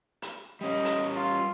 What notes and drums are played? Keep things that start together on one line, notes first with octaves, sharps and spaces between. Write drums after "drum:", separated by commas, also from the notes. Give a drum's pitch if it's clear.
drum: hi-hat
G3 C#4 D#5
drum: hi-hat
F4